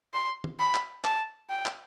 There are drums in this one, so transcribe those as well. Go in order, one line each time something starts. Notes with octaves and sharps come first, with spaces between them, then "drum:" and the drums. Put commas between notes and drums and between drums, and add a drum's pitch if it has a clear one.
C6
drum: tom
B5
drum: clap
A5, drum: clap
G5
drum: clap